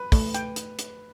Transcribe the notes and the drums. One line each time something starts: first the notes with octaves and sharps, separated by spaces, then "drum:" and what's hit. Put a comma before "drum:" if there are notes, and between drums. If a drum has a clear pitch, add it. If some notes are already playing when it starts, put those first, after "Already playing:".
Already playing: B4
A3, drum: kick, open hi-hat
G5, drum: hi-hat
drum: hi-hat
drum: hi-hat